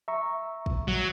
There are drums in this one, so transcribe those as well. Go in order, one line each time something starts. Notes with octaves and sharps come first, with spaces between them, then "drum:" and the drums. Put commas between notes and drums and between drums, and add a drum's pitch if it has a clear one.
E5 A#5 C#6
drum: kick
F#3